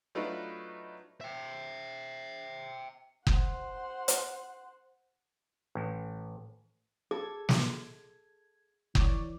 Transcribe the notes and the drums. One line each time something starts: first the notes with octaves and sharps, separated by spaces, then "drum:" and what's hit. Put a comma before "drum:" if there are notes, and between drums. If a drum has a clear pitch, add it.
F#3 A3 D4 D#4 F4 B4
E5 G5
C5 F#5, drum: kick F#1
drum: hi-hat
A1
G#4 A4 G#6
drum: snare
E3 C#5 D5, drum: kick F#1